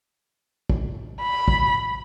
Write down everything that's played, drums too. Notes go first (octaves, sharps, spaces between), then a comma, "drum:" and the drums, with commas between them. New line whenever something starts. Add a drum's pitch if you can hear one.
drum: kick
B5
drum: kick